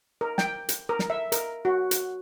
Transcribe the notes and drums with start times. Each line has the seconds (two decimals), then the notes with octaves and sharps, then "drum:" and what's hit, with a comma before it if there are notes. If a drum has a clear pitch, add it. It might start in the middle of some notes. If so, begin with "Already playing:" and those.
0.21 A#4
0.38 G5, drum: snare
0.69 drum: hi-hat
0.89 A#4
0.99 drum: snare
1.10 E5
1.32 A#4, drum: hi-hat
1.65 F#4
1.91 drum: hi-hat